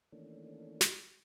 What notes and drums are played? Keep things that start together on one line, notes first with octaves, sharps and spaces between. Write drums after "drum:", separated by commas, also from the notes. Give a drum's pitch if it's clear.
D#3 E3 A3 A#3 C#4 D4
drum: snare